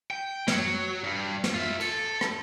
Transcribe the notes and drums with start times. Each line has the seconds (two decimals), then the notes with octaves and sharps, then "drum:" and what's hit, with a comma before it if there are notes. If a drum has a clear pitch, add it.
0.11 G5
0.48 F#3, drum: snare
1.04 G2
1.44 drum: snare
1.54 F4 E5
1.80 A4, drum: cymbal
2.21 drum: rim click